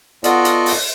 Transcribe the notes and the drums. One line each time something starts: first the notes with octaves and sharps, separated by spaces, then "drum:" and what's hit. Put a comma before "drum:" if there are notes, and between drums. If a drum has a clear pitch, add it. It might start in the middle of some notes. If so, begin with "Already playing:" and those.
B3 F4 F#4 A4 D5 D#5, drum: hi-hat
drum: hi-hat
drum: open hi-hat